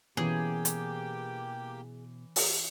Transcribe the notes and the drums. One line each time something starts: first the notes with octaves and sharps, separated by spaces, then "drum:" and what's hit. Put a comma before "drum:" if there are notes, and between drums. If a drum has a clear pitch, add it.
B2 E3 A#3 C#4 G4 G#4 G5
drum: hi-hat
drum: open hi-hat